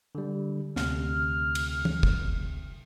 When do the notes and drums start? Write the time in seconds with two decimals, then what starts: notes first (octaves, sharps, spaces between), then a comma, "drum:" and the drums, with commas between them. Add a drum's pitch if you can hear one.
0.15 D3 G3
0.76 D2 C3 F6, drum: snare
1.55 drum: cymbal
1.85 drum: tom
2.03 drum: kick